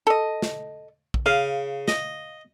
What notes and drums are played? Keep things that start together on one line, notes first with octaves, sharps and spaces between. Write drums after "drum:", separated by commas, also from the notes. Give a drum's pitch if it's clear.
A4 D#5
drum: snare
drum: kick
C#3 F5
D#5, drum: snare